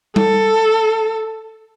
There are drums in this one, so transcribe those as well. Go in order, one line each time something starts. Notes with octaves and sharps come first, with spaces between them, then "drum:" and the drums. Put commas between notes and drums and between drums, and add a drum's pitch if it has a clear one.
A4, drum: tom G3